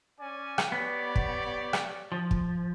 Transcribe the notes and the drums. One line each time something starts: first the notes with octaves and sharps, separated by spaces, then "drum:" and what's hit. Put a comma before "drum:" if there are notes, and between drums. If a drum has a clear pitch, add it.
C#4 D5 G#5
drum: rim click
B3 G4 C#5 D5
drum: kick
drum: rim click
F3
drum: kick